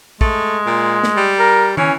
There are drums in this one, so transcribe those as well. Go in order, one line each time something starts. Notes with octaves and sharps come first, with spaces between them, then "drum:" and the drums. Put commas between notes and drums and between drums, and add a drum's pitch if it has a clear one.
G#3 A3, drum: kick
A#2
drum: snare
G3
A#4
E3 C#4, drum: tom